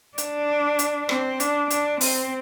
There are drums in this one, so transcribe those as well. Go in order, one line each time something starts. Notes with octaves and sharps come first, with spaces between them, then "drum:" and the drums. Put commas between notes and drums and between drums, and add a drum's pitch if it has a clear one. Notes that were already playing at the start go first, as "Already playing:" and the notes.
D4, drum: hi-hat
drum: hi-hat
C4, drum: rim click
D4, drum: hi-hat
D4, drum: hi-hat
C4, drum: open hi-hat